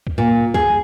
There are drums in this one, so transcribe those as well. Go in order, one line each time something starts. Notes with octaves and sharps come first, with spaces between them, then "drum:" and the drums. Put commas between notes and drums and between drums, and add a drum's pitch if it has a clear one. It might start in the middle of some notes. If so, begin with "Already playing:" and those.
drum: kick
A#2
G#4, drum: kick